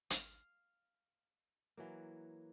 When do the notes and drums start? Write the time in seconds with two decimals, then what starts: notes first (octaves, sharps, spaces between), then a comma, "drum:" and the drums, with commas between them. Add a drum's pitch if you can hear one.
0.10 F5, drum: hi-hat
1.77 E3 F#3 A#3